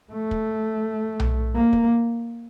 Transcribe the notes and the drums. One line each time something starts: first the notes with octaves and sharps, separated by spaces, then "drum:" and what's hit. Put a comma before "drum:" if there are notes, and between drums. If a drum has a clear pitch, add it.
A3
drum: kick
drum: tom B1
A#3
drum: kick